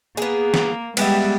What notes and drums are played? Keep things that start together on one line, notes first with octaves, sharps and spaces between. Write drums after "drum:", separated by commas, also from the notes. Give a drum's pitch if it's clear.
A#3 B3 G#4
drum: snare
G3 G#3 B3 G4 E5, drum: cymbal